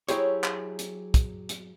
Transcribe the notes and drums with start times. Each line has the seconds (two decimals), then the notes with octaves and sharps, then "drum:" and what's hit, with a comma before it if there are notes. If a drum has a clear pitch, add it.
0.09 F#3 E4 G4 G#4 C5 C#5, drum: hi-hat
0.44 drum: clap
0.79 drum: hi-hat
1.14 drum: kick, hi-hat
1.49 drum: hi-hat